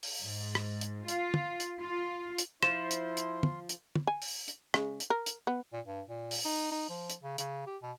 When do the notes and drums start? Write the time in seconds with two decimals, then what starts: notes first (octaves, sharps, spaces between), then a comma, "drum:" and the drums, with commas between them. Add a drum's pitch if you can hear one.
0.03 drum: open hi-hat
0.22 G#2
0.55 drum: rim click
0.81 drum: hi-hat
1.08 F4, drum: hi-hat
1.34 drum: tom
1.60 drum: hi-hat
1.82 F4
2.38 drum: hi-hat
2.63 F3 E4 F4 C5 C6 E7, drum: rim click
2.91 drum: hi-hat
3.17 drum: hi-hat
3.43 drum: tom
3.69 drum: hi-hat
3.95 drum: tom
4.07 G#5
4.22 drum: open hi-hat
4.48 drum: hi-hat
4.74 C#3 G#3, drum: rim click
5.00 drum: hi-hat
5.10 A#4
5.26 drum: hi-hat
5.47 B3
5.73 A#2
5.85 G2
6.08 A#2
6.31 drum: open hi-hat
6.45 D#4
6.71 D#4
6.89 F3
7.10 drum: hi-hat
7.23 C#3
7.38 C#3, drum: hi-hat
7.67 G4
7.82 B2